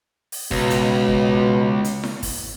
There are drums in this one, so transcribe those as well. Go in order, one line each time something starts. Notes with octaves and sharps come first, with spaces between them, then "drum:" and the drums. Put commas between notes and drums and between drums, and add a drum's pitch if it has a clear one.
drum: open hi-hat
C#2 B2, drum: kick
drum: hi-hat
drum: kick
drum: hi-hat
drum: snare E4
drum: kick, open hi-hat